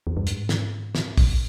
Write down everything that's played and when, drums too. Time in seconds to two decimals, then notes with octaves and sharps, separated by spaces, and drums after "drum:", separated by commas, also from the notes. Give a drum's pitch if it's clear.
0.07 E2
0.17 G2
0.27 G#2, drum: hi-hat
0.49 drum: snare
0.95 drum: snare
1.17 A#2, drum: kick, open hi-hat